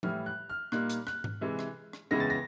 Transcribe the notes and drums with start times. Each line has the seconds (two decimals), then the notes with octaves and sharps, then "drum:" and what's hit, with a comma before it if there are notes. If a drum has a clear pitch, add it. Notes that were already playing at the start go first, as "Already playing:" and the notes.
0.03 A2 E3 G3 F6, drum: tom F3
0.26 F#6
0.50 F6
0.72 A#2 G3 A#3 D#4 F#6, drum: rim click
0.90 drum: hi-hat
1.07 F#6, drum: rim click
1.24 drum: tom G#2
1.41 C3 E3 G#3
1.59 drum: rim click
1.93 drum: rim click
2.11 C#2 C#3 E3 G#3 B3 A#6
2.20 A6
2.30 A#6